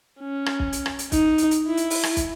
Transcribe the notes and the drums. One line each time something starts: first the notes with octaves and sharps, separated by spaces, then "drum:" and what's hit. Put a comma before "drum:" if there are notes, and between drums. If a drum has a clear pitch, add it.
C#4
drum: rim click
drum: kick
drum: hi-hat
drum: rim click
drum: hi-hat
D#4, drum: kick, hi-hat
drum: hi-hat
drum: hi-hat
E4
drum: hi-hat
drum: open hi-hat
drum: rim click
drum: kick, hi-hat